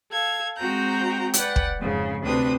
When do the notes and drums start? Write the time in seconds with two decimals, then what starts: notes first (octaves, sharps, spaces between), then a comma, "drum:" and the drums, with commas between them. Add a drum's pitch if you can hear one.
0.11 A4 F5 G#6
0.58 G#3 C4 F#4 G5 A#5 G6
1.34 B4 D5 F#5 G5, drum: hi-hat
1.56 drum: kick
1.79 F2 G#2 C#3
2.23 D2 C3 C4 D4 B4 D#6